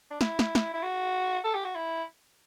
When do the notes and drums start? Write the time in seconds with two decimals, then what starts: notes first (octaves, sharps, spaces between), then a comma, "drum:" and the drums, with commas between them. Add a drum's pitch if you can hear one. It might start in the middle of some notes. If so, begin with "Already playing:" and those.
0.11 D4
0.21 E4, drum: snare
0.39 drum: snare
0.55 drum: snare
0.74 E4
0.83 F#4
1.44 A4
1.55 G4
1.64 F#4
1.75 E4